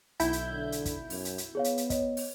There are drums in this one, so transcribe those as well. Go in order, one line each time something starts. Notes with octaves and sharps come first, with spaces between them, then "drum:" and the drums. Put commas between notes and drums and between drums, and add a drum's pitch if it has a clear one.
B1 E4 G6, drum: hi-hat
drum: hi-hat
D3
drum: hi-hat
drum: kick, hi-hat
F#2, drum: open hi-hat
drum: hi-hat
drum: hi-hat
B3 G#4 C#5 F5
drum: hi-hat
drum: hi-hat
C#5 D#5, drum: kick, hi-hat
drum: open hi-hat